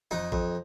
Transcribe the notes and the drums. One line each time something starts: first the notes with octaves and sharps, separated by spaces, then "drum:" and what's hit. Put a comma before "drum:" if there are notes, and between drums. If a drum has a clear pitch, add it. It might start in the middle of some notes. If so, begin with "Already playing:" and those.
F2 D#4
F2, drum: kick A1